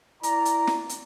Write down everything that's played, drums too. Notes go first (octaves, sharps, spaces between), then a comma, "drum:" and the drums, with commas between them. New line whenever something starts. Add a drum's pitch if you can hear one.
E4 A#4 D5 A#5, drum: hi-hat
drum: hi-hat
drum: snare
drum: hi-hat